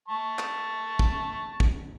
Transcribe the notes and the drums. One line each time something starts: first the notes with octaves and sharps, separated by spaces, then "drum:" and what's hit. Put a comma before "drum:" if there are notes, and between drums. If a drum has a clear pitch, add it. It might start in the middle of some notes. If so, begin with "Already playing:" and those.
A5 C#6
drum: clap
drum: kick
drum: kick